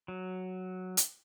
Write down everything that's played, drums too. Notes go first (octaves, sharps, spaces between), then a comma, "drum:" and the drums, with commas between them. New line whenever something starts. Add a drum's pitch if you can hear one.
F#3
drum: hi-hat